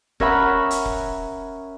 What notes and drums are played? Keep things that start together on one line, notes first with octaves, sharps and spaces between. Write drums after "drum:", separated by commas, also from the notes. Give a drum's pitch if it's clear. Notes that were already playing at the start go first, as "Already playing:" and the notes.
C#4 A#4 C#5 E5 F#5 B5, drum: kick E1
drum: hi-hat
drum: kick E1